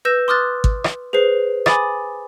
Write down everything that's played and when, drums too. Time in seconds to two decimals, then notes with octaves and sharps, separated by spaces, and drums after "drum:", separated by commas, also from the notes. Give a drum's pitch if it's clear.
0.05 B4 E6 G6 A#6 E7
0.28 C6 D6 D#6 F6 F#6 A6
0.64 drum: kick
0.84 drum: rim click
1.13 G#4 B4 C5 C7
1.66 G#5 B5 D6 D#6 A6, drum: rim click